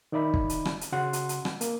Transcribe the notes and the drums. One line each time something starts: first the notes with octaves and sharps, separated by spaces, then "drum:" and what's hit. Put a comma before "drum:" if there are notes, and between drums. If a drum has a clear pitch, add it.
D#3 D#4 D5 E5 B5
drum: kick
drum: hi-hat
drum: rim click
drum: hi-hat
C#3 F#4 F#5 C6
drum: hi-hat
drum: hi-hat
drum: rim click
A#3, drum: hi-hat